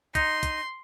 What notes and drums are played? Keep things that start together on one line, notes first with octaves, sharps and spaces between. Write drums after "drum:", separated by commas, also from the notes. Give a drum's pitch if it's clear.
D#4 C6, drum: kick, hi-hat
drum: kick, hi-hat